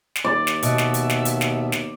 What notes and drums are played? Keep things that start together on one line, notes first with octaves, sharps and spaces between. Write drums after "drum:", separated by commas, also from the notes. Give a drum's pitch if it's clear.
drum: snare
D#2 D5
drum: snare
B2 E5, drum: hi-hat
drum: snare
drum: hi-hat
drum: snare
drum: hi-hat
drum: snare
drum: snare